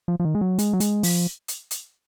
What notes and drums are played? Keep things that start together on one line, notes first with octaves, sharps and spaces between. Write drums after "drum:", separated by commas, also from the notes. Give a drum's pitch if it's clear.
F3
F3
D#3
G#3
F#3
G#3, drum: hi-hat
F#3
G#3, drum: hi-hat
F3, drum: open hi-hat
drum: hi-hat
drum: hi-hat